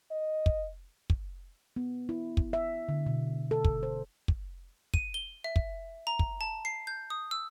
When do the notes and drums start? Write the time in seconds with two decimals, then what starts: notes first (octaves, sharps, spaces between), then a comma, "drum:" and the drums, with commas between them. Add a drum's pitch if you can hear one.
0.12 D#5
0.46 drum: kick
1.10 drum: kick
1.76 B3
2.09 E4
2.37 drum: kick
2.53 E5
2.89 D3
3.06 B2
3.51 A4
3.65 drum: kick
3.83 C5
4.28 drum: kick
4.94 D#7, drum: kick
5.14 G7
5.44 E5
5.56 drum: kick
6.07 A#5
6.19 drum: kick
6.41 A5
6.65 C7
6.87 G6
7.10 D#6
7.31 E6